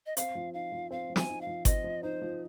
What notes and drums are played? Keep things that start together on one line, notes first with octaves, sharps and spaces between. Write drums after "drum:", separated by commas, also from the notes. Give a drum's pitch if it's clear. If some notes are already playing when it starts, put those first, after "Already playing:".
D#5
C4 F5, drum: hi-hat
F3
D#4 F5
F3
C4 F5
F3
G#5, drum: snare
D#4
F5
F3
C4 D#5, drum: kick G1, hi-hat
F3
D#4 C5
F3